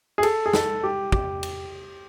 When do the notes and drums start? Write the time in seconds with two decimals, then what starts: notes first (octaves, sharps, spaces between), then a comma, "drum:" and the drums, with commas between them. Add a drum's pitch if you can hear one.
0.18 G#4
0.23 A4, drum: cymbal
0.46 G#4
0.53 A4, drum: snare
0.83 G4
1.12 G4, drum: kick
1.43 drum: cymbal